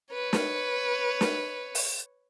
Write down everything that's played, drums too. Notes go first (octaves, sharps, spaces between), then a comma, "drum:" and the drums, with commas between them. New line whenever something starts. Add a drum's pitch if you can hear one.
B4 C#5
drum: snare
drum: snare
drum: open hi-hat